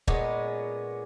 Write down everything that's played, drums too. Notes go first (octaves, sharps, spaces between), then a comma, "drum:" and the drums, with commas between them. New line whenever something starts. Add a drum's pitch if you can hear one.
A#2 G#3 B3 C#4, drum: kick